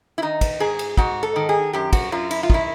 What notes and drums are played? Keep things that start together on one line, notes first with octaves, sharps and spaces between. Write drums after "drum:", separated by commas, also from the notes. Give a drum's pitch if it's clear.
E4
D#3 D#4
drum: kick, cymbal
G#2 G#4
drum: cymbal
G#2 F#4, drum: kick
A4
D#3
G#4
F#2 G4
F#4, drum: kick, cymbal
F#2 F4
E4, drum: cymbal
F4
D#3 E4, drum: kick